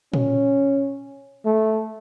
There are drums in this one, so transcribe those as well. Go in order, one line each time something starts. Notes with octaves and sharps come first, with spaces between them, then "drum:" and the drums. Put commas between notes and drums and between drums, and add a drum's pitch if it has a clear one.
C#4, drum: tom A#2
A3